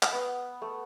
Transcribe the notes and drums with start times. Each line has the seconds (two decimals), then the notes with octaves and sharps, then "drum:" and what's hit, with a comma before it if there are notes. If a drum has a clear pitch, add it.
0.03 drum: clap
0.12 B3
0.62 A3